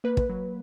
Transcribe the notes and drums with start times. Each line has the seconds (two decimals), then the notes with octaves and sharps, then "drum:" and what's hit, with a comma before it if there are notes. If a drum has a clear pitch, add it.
0.04 A#3 B4
0.17 drum: kick
0.29 F#3